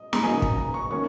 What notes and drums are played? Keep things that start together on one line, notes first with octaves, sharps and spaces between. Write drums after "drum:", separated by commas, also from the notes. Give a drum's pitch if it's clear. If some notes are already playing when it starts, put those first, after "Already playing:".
Already playing: D#5
A#5, drum: snare
C#3 F#3 A#3 D#4 G#5
drum: kick
A#5
C#6
D#3 A#3 C#4 C#6